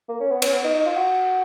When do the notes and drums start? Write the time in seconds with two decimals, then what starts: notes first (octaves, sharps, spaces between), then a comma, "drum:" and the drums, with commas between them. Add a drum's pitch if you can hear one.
0.09 A#3
0.20 C#4
0.31 B3
0.42 C#4, drum: cymbal
0.53 B3
0.64 D#4
0.75 D#4
0.86 F4
0.97 F#4